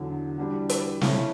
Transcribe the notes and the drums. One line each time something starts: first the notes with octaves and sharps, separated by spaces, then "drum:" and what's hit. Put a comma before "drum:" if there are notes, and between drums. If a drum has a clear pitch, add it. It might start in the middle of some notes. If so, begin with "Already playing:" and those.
Already playing: E2 D3 F#3
E3 G3 D4 F#4
drum: hi-hat
C#3 E3 A3 C#4 E4, drum: snare